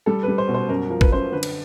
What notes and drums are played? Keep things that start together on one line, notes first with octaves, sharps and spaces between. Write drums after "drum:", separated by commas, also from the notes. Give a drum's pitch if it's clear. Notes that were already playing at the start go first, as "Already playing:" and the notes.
G3 A4
B4
G3
C5
B2
C5
F#2 A#4
F3 A#4
B4, drum: kick
F#2 C5
D3 B4
drum: cymbal